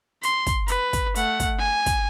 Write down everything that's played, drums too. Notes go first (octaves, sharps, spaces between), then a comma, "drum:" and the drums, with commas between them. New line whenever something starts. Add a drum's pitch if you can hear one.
C6, drum: hi-hat
drum: kick, hi-hat
B4, drum: hi-hat
drum: kick, hi-hat
A3 F#5, drum: hi-hat
drum: kick, hi-hat
G#5
drum: kick, hi-hat